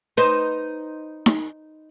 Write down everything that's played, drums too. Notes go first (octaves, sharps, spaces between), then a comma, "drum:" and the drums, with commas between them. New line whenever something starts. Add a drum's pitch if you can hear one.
D#4 B4 C5
drum: snare D#4